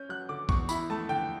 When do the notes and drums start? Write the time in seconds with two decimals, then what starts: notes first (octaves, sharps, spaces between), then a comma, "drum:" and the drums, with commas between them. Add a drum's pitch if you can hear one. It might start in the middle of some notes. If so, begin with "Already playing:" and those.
Already playing: C#4 G6
0.09 F#3 F#6
0.29 D3 D6
0.49 E2 C#6, drum: kick A1
0.69 E4 B5, drum: tambourine
0.90 A3 A5
1.09 D3 G5